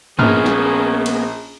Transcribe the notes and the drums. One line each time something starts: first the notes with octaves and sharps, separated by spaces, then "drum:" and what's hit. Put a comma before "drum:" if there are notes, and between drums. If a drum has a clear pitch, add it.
A#1 A#3 B3 C#4 G#4 F6, drum: tom
drum: snare
drum: cymbal